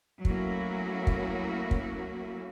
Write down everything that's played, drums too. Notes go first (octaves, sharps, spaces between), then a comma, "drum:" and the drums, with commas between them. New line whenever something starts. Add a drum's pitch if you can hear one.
F#3 A3 A#3 C#4 E4 F#4, drum: kick
drum: kick
drum: kick